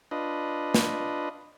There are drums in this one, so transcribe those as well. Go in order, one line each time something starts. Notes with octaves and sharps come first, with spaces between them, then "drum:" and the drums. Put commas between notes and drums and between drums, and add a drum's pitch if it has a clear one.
D4 F4 B4 D#5
drum: snare